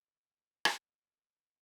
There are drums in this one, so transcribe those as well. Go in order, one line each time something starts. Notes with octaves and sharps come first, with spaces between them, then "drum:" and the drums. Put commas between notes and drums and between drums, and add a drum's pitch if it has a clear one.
E3 G3 C4 D#4
drum: rim click
C#3 F3 B3 E4
G#2 D#3 E3 B3 C#4